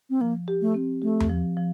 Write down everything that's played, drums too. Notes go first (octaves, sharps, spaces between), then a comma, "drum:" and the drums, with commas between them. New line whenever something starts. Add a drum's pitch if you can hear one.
C4
F3 A#3
G4
A3
C4
A3 G4
drum: tom E2
F3
F3